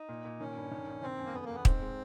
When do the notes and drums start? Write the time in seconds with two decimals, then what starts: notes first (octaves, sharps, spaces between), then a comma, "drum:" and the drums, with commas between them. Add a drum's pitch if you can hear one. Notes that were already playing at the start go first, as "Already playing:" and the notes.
Already playing: D#4
0.09 A#2
0.25 A#2
0.40 D#3 C#4
0.57 G2
0.72 D#3
0.87 A#1
1.02 D#3 C4
1.19 F#2
1.26 A#3
1.34 F1 B3
1.45 A#3
1.50 E2 B3
1.65 G#2 C4, drum: kick
1.82 G#3